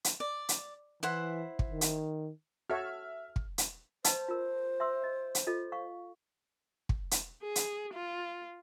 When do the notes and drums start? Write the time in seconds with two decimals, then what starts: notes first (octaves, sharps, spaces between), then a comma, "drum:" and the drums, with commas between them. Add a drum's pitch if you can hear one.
0.04 drum: hi-hat
0.20 D5
0.49 drum: hi-hat
1.03 E3 E4 C5 F#5
1.59 drum: kick
1.70 D#3
1.81 drum: hi-hat
2.70 F#4 A4 C#5 E5 F6
3.36 drum: kick
3.58 drum: hi-hat
4.04 B4 C5 D#5 A5, drum: hi-hat
4.28 F4 A#4
4.80 E5 C6 E6
5.04 D#5
5.35 drum: hi-hat
5.47 F4 A4 D#5
5.72 F5 C#6
6.89 drum: kick
7.11 drum: hi-hat
7.43 G#4
7.56 drum: hi-hat
7.94 F4